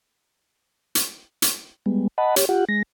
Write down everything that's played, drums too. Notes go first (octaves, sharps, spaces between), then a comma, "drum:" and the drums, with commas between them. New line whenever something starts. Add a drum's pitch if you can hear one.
drum: hi-hat
drum: hi-hat
G3 G#3 B3
D#5 F#5 A5 B5
G4 C#5, drum: hi-hat
F4 G4 F#5
G#3 A#6